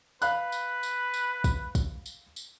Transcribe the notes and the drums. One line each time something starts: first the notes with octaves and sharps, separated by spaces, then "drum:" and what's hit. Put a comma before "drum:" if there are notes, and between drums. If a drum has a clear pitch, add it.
B4 F5 B5 F#6, drum: tambourine
drum: tambourine
drum: tambourine
drum: tambourine
drum: kick, tambourine
drum: kick, tambourine
drum: tambourine
drum: tambourine